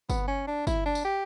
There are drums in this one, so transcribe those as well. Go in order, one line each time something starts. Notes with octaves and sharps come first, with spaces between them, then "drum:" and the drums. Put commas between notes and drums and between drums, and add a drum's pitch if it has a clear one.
B3, drum: kick G1, tambourine
C#4
D4
E4, drum: kick G1, tambourine
D4
drum: tambourine
G4